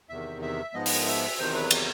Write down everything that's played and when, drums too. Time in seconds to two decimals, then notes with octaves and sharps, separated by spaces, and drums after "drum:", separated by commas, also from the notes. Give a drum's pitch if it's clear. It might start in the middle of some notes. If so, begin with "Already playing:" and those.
0.09 E2 C3 D#3 E5
0.42 E5
0.74 G#2 F3 G#3 B3 D#5
0.86 drum: open hi-hat
1.06 E5
1.38 E2 C3 D#3 F#3 C5
1.54 B4
1.71 G4, drum: cymbal